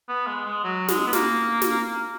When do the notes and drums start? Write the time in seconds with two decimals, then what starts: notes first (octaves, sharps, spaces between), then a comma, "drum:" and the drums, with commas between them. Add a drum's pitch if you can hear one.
0.08 B3
0.27 G#3
0.46 G#3
0.64 F#3
0.88 G#3, drum: snare
1.07 B3
1.13 A#3, drum: snare
1.62 drum: snare